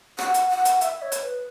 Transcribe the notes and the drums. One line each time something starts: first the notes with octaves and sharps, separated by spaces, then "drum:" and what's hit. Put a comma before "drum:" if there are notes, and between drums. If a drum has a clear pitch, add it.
F#5, drum: rim click
drum: hi-hat
F#5
drum: hi-hat
E5, drum: hi-hat
C#5
drum: hi-hat
B4